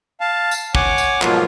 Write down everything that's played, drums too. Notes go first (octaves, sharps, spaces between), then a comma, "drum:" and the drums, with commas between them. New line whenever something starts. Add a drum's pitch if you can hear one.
F5 A5
drum: tambourine
C#5 F#5 G#5 D6, drum: kick
drum: tambourine
G#2 B2 F3 F#3 A#3 F4, drum: clap